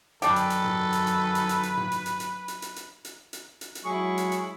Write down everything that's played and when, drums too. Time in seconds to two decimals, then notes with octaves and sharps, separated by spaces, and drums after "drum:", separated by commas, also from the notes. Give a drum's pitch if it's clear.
0.22 F#2 D#3 D4 G4 A4 B4, drum: hi-hat
0.36 drum: hi-hat
0.50 drum: hi-hat
0.64 drum: tom
0.93 drum: hi-hat
1.07 drum: hi-hat
1.35 drum: hi-hat
1.49 drum: hi-hat
1.63 drum: hi-hat
1.77 drum: tom
1.92 drum: hi-hat
2.06 drum: hi-hat
2.20 drum: hi-hat
2.48 drum: hi-hat
2.62 drum: hi-hat
2.76 drum: hi-hat
3.05 drum: hi-hat
3.33 drum: hi-hat
3.61 drum: hi-hat
3.75 drum: hi-hat
3.85 F#3 G#3 E4 G#4 C#6
4.18 drum: hi-hat
4.32 drum: hi-hat